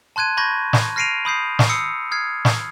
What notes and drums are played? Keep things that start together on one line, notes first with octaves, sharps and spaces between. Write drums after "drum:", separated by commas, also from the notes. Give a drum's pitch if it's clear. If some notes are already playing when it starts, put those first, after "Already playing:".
A5 C6 F#6 G#6 D#7
B5 C#6 G6 G#6 A#6
drum: snare
F6 A#6 C7 D7 D#7 F7
B5 D#6 G6 C7
drum: snare
D#6 E6 C7 C#7
D#6 F6 G#6 C7
drum: snare